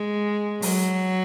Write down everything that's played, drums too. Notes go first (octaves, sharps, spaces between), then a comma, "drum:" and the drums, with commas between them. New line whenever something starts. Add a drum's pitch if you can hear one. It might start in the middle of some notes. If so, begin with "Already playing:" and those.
Already playing: G#3
F#3, drum: open hi-hat